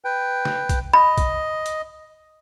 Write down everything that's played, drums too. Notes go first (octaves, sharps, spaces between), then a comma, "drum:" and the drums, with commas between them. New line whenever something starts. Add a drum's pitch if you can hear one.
B4 G5
drum: snare
drum: kick, hi-hat
D#5 B5
drum: kick, hi-hat
drum: hi-hat